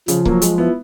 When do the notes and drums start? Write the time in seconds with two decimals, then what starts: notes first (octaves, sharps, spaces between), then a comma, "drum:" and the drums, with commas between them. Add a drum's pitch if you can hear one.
0.08 C#3 F3, drum: hi-hat
0.25 F#3 A#3, drum: kick C#1
0.42 G#3, drum: hi-hat
0.58 B3 E4